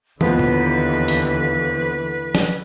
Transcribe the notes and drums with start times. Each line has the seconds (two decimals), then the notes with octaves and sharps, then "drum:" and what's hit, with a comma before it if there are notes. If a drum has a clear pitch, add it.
0.21 D#2 D3 E3 F3 B3 B4, drum: tom
0.39 drum: tom
1.08 drum: hi-hat
2.35 drum: snare